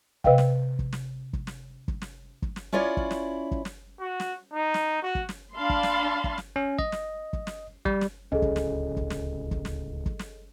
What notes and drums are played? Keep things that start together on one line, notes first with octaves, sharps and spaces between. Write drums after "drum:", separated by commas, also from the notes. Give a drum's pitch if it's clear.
C3 B4 D#5 F5 G5, drum: kick
drum: snare
drum: kick
drum: snare
drum: kick
drum: snare
drum: kick
drum: snare
drum: kick
drum: snare
C#4 E4 F4 C#5 D5
drum: kick
drum: snare
drum: kick
drum: snare
F#4
drum: snare
D#4
drum: snare
F#4
drum: kick
drum: snare
D4 F5 A5 B5 C6
drum: kick
drum: snare
drum: kick
drum: snare
C#4
D#5, drum: kick
drum: snare
drum: kick
drum: snare
G3, drum: kick
drum: snare
D1 C#2 C#4 G#4 A4 D#5
drum: kick
drum: snare
drum: kick
drum: snare
drum: kick
drum: snare
drum: kick
drum: snare